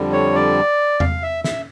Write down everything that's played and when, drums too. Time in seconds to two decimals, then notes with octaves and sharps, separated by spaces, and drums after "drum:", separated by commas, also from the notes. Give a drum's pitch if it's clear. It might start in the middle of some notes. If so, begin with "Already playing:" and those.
Already playing: F2 D3 G3
0.13 C#5
0.35 D5
1.00 F5, drum: tom E2
1.23 E5
1.44 E5, drum: snare